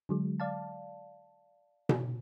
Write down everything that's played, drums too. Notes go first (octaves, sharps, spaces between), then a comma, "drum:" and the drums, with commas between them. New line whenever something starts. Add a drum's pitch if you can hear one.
D3 F#3 G#3
D5 F5 A5
drum: tom B2